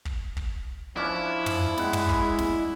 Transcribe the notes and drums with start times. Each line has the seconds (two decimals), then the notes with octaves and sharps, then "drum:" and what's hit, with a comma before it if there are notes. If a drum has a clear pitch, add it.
0.05 drum: kick
0.37 drum: kick
0.96 F3 C#4 D4 E4 D#5
1.46 drum: tom
1.78 G#3 F#5 G5 B5, drum: snare
1.93 drum: tom
2.09 drum: kick
2.38 drum: snare